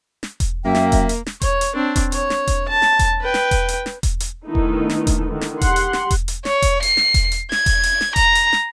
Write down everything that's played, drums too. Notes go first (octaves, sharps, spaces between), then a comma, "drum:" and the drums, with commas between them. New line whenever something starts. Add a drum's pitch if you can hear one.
drum: snare
drum: kick E1, hi-hat
F#2 A#3 E5 G5
drum: snare
drum: kick E1, hi-hat
drum: hi-hat
drum: snare
C#5, drum: kick E1, hi-hat
drum: hi-hat
C4 D4
drum: kick E1, hi-hat
C#5, drum: hi-hat
drum: snare
drum: kick E1, hi-hat
A5
drum: snare
drum: kick E1, hi-hat
B4 G5
drum: snare
drum: kick E1, hi-hat
drum: hi-hat
drum: snare
drum: kick E1, hi-hat
drum: hi-hat
D3 D#3 A3 B3 D#4 E4
drum: kick E1
drum: snare
drum: kick E1, hi-hat
D3 D#3
drum: snare
G4 F#5 C6, drum: kick E1, hi-hat
drum: hi-hat
drum: snare
drum: kick E1, hi-hat
drum: hi-hat
C#5, drum: snare
drum: kick E1, hi-hat
C7, drum: hi-hat
drum: snare
drum: kick E1, hi-hat
drum: hi-hat
G#6, drum: snare
drum: kick E1, hi-hat
drum: hi-hat
drum: snare
A#5, drum: kick E1, hi-hat
drum: hi-hat
drum: snare